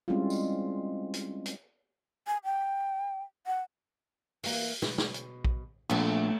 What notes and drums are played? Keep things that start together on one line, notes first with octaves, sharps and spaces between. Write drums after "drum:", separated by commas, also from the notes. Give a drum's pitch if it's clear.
G3 G#3 C4 C#4 E4 F4
drum: tambourine
drum: hi-hat
drum: hi-hat
G#5
G5
F#5
E3 A#3, drum: open hi-hat
B2, drum: snare
drum: snare
drum: hi-hat
drum: kick A#1
A#1 A3 B3, drum: cymbal